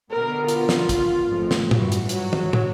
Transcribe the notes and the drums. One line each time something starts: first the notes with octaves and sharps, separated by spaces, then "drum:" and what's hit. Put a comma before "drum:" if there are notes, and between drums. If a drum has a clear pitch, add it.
B2 D3 B3 A#4
F4, drum: hi-hat
drum: snare
drum: kick, hi-hat
F2 G#2 A3
drum: snare
G2 E3 F#4, drum: tom
drum: hi-hat
F#3 F#4, drum: hi-hat
drum: tom
drum: tom